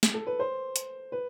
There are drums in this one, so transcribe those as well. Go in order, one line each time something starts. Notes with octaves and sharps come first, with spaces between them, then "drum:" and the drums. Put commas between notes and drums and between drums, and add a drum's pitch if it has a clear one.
drum: snare
A4
B4
C5
drum: hi-hat
B4